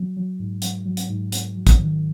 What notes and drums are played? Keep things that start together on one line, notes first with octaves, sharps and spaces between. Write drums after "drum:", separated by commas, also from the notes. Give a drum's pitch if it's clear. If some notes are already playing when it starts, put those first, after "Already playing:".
Already playing: F#3
F#3
G#2
F#3, drum: hi-hat
F#3
drum: hi-hat
G#2
G#2, drum: hi-hat
F#3
drum: kick, hi-hat
D#3